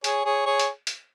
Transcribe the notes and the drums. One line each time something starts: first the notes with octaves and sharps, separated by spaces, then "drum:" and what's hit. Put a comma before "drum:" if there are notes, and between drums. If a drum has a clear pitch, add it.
G#4 C#5, drum: hi-hat
G#4 C#5
G#4 C#5
drum: hi-hat
drum: hi-hat